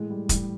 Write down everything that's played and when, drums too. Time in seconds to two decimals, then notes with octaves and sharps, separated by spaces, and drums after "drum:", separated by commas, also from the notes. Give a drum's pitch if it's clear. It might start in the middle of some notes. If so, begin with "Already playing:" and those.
Already playing: A2 E3 G#3
0.10 G3
0.29 A2 E3 G3, drum: kick, hi-hat